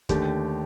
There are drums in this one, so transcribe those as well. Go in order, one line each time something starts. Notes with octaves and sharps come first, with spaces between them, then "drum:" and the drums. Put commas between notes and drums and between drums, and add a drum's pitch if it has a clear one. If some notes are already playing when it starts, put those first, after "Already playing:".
D#2 D3 A3 G4, drum: kick G1, hi-hat